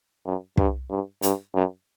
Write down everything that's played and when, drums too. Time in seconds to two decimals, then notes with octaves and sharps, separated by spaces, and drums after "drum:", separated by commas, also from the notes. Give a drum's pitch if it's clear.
0.26 F#2
0.57 G2, drum: kick
0.90 G2
1.22 G2, drum: hi-hat
1.54 F#2